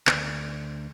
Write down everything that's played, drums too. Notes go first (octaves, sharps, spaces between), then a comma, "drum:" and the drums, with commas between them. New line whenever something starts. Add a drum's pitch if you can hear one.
D2, drum: clap